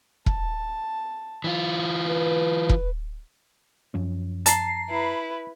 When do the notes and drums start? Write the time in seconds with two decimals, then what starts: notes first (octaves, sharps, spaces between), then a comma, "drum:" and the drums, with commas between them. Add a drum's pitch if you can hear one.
0.26 A5, drum: kick E1
1.44 E3 F4
2.06 B4
2.69 drum: kick E1
3.94 F#2 F3 C#4
4.46 A5 A#5 C7, drum: hi-hat
4.89 E4 B4